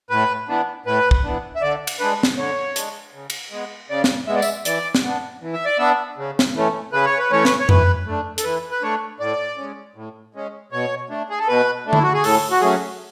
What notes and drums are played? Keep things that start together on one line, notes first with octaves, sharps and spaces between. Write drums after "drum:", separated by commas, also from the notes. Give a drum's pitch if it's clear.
A2 B4
E3 B3 D4
A2 B4
drum: kick
E3 B3 D4
E5
D3 D5
drum: cymbal
G#3 D4 B4
drum: snare
D3 C#5
G#3 D4, drum: hi-hat
C#3
drum: cymbal
G#3 B3
C#3 D5
drum: snare
G#3 B3 E5
D5
E5, drum: tambourine
E3 D5, drum: hi-hat
drum: snare
B3 D4
E3
E5
D5
B3 D4 E5
C#3
drum: snare
E3 A3 C#4
C#3 B4
C#5
B4
E3 A3 C#4 C#5
B4, drum: snare
C#5
E3 B4, drum: tom F2
A3 D4
A4, drum: hi-hat
E3 B4
B4
A3 D4 C#5
A2 D5
G#3 C#4
A2
G#3 C#4
B2 C#5
A3 D4
G#4
A4
B2 B4
A3 D4
E4, drum: tom D3
F#4
G#4
A2 A4, drum: open hi-hat
F#4
F#3 A3 C#4 G#4